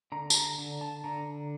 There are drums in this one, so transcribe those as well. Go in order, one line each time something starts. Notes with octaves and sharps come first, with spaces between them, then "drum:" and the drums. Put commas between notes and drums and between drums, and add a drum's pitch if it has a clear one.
D3 A#5
A5, drum: tambourine
A#5
D3
A5
D3 A#5